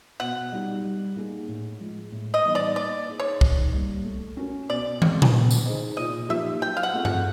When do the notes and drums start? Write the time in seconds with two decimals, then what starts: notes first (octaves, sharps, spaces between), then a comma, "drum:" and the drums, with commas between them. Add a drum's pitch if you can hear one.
0.20 B2 F#5
0.52 G3 B3 D#4 G4
0.84 G3
1.16 A#3 D#4 G#4
1.48 A2
1.80 F3 G#3
2.12 A2
2.34 D#5
2.44 E3 G3 B3 D#4
2.55 D5
2.76 A#3 D5
3.09 D#4 G#4
3.20 C#5
3.41 D#3, drum: kick C2
3.73 G3 A#3
4.05 A3
4.37 C#4 F#4 A#4
4.69 B2 D5
5.02 G#3 C4, drum: tom
5.22 drum: tom A#2
5.34 B3
5.50 drum: tambourine
5.65 D#4 G#4 C5 D#5
5.97 A#2 D#5
6.29 F3 A#3 D#4 G4 E5
6.62 F#3 G5
6.77 F5
6.83 F#5
6.93 A3 C4 F4 G#4
7.05 F#5, drum: tom G2